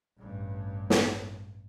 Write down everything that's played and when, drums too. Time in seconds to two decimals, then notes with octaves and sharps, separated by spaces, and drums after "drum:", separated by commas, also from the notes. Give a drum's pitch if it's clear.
0.18 A1 G2
0.90 drum: snare